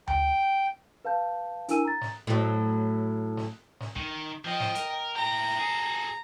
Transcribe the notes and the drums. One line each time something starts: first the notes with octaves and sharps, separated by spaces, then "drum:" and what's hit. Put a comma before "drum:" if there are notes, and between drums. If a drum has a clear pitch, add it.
G5, drum: tom D2
B4 F5 A5 G6
D4 E4 A#4 G#5 E6 D#7, drum: hi-hat
A#5 A6
drum: snare
A2 F#3
drum: snare
drum: snare
D#3, drum: kick
F3 D#5 G5
drum: snare
A#4, drum: hi-hat
A2 G5 A#5
G#4 A4